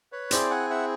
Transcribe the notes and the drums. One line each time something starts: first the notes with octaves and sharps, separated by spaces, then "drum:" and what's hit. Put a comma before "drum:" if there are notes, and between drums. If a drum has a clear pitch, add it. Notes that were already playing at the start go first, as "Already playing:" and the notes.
B4 C#5
C4 E4 G#4 C5 D5, drum: hi-hat
F#5 G#5
E5 F#5